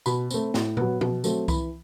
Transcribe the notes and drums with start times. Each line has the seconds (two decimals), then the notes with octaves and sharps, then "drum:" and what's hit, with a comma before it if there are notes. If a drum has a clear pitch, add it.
0.06 B2 B5, drum: tambourine
0.31 A3 C4, drum: tambourine
0.54 A2, drum: snare
0.77 F#3 B3, drum: tom A#2
1.01 B2, drum: tom F3
1.24 F#3 A3 C4, drum: tambourine
1.48 E3 B5, drum: kick C2, tambourine